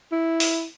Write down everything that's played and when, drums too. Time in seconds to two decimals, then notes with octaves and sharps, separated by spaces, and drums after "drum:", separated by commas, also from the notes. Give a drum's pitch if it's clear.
0.12 E4
0.40 drum: open hi-hat